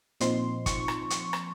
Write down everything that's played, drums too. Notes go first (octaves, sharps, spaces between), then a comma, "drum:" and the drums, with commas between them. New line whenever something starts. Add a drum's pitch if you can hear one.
A#2 F3 C4 D#4 C6, drum: hi-hat
C#6, drum: kick, hi-hat
drum: rim click
C#6, drum: hi-hat
drum: rim click